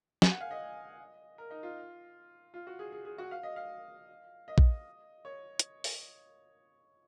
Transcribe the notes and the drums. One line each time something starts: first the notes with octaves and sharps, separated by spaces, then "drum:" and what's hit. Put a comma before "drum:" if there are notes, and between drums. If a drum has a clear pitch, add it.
G#5, drum: snare
F#5
F5
D#5
A#4
D#4
F4
F4
F#4
G#4
G#4
G#4
F#4
F5
D#5
F5
D#5
drum: kick
C#5
drum: hi-hat
drum: open hi-hat